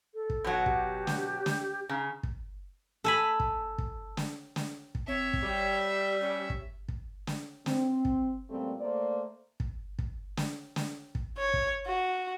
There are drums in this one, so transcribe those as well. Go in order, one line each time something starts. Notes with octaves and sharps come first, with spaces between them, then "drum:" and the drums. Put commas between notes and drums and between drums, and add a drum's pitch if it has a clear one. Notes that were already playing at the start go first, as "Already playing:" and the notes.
A4
drum: kick
B2 F#3
G4, drum: kick
drum: snare
drum: snare
C#3 A#5
drum: kick
A4 G#5 B5
drum: kick
drum: kick
drum: snare
drum: snare
drum: kick
C4 C#5 E5
drum: kick
G3 G4 G5
C#4
drum: kick
drum: kick
drum: snare
C4, drum: snare
drum: kick
A#2 C#3 G3 A3 C4
A3 A#3 C5 D5
drum: kick
drum: kick
drum: snare
drum: snare
drum: kick
C#5
drum: kick
F#4